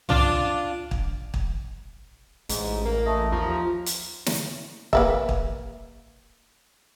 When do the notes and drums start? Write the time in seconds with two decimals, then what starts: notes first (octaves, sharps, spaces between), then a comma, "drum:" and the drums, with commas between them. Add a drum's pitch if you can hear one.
0.09 D4 F4, drum: tom
0.91 drum: kick
1.34 drum: kick
2.49 A1 G#2, drum: hi-hat
2.86 A#3
3.05 A1 A3 D#5
3.32 D#2 F3 A#5
3.86 drum: hi-hat
4.26 drum: snare
4.93 A#3 B4 E5, drum: kick
5.29 drum: kick